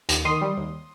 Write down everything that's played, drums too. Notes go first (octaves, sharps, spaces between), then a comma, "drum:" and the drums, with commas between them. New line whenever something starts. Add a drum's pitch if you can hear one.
D#2, drum: hi-hat
D#3 C6 D#6
G3
D#2